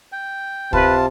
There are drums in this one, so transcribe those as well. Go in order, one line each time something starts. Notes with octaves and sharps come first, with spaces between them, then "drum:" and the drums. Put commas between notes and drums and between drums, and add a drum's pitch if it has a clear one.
G5
C3 F4 B4 A5, drum: kick